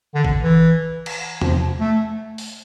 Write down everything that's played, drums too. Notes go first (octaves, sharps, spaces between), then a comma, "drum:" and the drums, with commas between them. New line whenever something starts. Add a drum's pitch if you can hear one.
D3
drum: kick
E3
drum: cymbal
F3, drum: tom E2
A3
drum: open hi-hat